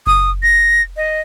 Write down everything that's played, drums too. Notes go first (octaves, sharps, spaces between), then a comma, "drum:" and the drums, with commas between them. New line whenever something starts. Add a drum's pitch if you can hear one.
D#6, drum: kick F#1
A#6
D#5